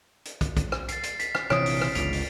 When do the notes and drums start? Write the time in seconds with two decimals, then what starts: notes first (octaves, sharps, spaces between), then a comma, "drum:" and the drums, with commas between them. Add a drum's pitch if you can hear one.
0.25 drum: hi-hat
0.41 drum: kick, hi-hat
0.57 drum: kick, hi-hat
0.72 drum: rim click
0.89 A6 C7, drum: hi-hat
1.03 drum: hi-hat
1.19 B6, drum: hi-hat
1.35 drum: rim click
1.50 A#1 C3 E3 C#5 D#6 D7, drum: rim click
1.66 drum: open hi-hat
1.81 drum: rim click
1.95 G1 C#2 D7 F7, drum: hi-hat
2.13 drum: open hi-hat